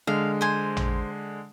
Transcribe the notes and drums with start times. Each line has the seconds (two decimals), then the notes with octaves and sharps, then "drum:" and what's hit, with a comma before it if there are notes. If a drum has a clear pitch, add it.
0.07 D3 G#3 F5
0.41 C5 G#5
0.77 drum: tom A1